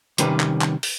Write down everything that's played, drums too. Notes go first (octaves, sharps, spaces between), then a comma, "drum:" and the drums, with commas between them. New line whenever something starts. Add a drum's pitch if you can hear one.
C3 D#3 G3 C#4 B4, drum: hi-hat
drum: clap
drum: clap
drum: open hi-hat